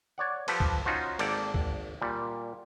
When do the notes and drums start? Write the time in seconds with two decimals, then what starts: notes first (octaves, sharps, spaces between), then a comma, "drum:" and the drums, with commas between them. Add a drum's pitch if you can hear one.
0.18 C#5 D5 F#5
0.48 F3 G4 A4 B4, drum: cymbal
0.60 drum: kick C#2
0.85 C#4 D#4 F4 F#4 C5
1.19 G#1 A#3 A4 D5 G5, drum: cymbal
1.54 drum: kick C#2
2.01 A#2 G3